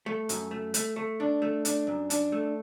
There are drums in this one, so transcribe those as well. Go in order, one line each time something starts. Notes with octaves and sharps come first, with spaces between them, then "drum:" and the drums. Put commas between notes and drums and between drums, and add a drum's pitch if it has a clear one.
A3
F#2, drum: hi-hat
A3
A3, drum: hi-hat
A3
D4
A3
D4, drum: hi-hat
F#2
D4, drum: hi-hat
A3